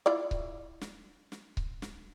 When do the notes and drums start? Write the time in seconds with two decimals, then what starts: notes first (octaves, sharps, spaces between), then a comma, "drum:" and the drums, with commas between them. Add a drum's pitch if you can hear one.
0.06 E4 F4 D5
0.31 drum: kick C#1
0.81 drum: snare
1.32 drum: snare
1.57 drum: kick C#1
1.82 drum: snare